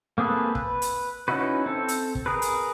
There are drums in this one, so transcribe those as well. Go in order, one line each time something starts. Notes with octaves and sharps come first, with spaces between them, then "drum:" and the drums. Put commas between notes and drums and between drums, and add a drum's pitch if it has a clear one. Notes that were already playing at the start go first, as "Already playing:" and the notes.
A#3 C4 G#4 A4 B4
B4, drum: kick
drum: hi-hat
C#4 D#4 E4 F#4 B4
C4 A4
drum: hi-hat
drum: kick
G#4 A#4 B4
drum: hi-hat